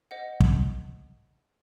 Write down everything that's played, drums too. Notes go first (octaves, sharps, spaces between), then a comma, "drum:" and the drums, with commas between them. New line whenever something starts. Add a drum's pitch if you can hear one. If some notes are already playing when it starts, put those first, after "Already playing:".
C5 D#5 F#5
drum: kick